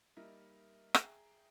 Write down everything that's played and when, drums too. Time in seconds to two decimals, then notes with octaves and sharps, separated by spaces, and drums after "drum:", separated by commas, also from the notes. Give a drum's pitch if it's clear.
0.17 G3 A#3 D#4 A#4 E5
0.94 G#4 E5 G5 A#5, drum: rim click